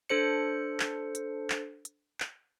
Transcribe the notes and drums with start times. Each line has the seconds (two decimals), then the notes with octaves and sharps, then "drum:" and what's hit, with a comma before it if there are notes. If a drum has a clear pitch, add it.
0.10 D4 A4 C5 C#7
0.80 drum: clap
1.15 drum: hi-hat
1.50 drum: clap
1.85 drum: hi-hat
2.20 drum: clap